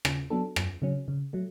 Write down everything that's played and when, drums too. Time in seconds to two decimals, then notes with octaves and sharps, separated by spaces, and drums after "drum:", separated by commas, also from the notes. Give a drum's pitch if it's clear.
0.05 C#3, drum: rim click
0.30 F#3 B3 D4 A4
0.56 F#2, drum: rim click
0.82 C#3 F#3 C#4
1.08 C#3
1.33 F#3 A3